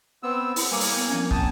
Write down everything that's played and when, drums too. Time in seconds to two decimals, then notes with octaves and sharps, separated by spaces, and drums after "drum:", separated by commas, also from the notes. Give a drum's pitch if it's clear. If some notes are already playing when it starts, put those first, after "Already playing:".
0.23 B3 C4 E6
0.56 E4, drum: open hi-hat
0.71 G3 A#3 G#5 D6
0.80 drum: open hi-hat
0.93 B3
1.09 F3 C4 C#4
1.31 A#3 G#5 A5 D#6, drum: kick